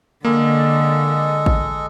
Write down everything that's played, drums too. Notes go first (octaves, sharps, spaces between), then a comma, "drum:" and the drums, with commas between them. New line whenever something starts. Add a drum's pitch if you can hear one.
D3 G#3 A#3 A4 D#5
drum: kick A1